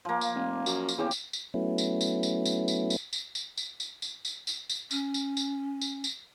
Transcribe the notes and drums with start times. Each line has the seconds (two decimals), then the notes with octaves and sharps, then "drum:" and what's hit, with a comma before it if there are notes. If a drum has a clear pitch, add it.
0.05 F3 A#3
0.21 drum: tambourine
0.35 F1
0.66 F#2, drum: tambourine
0.89 drum: tambourine
0.98 E2 C#3 G4
1.11 drum: tambourine
1.33 drum: tambourine
1.54 F#3 A3 B3 C#4 E4
1.78 drum: tambourine
2.01 drum: tambourine
2.23 drum: tambourine
2.45 drum: tambourine
2.68 drum: tambourine
2.90 drum: tambourine
3.13 drum: tambourine
3.35 drum: tambourine
3.57 drum: tambourine
3.80 drum: tambourine
4.02 drum: tambourine
4.25 drum: tambourine
4.47 drum: tambourine
4.69 drum: tambourine
4.91 C#4, drum: tambourine
5.14 drum: tambourine
5.37 drum: tambourine
5.82 drum: tambourine
6.04 drum: tambourine